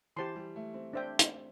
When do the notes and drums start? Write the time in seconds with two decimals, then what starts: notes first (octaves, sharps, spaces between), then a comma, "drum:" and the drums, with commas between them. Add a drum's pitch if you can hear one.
0.16 E3 G4 C5 A5 C6
0.36 G3
0.56 A3
0.74 C4
0.93 C4 D4 C5 E5 G5
1.19 C4, drum: hi-hat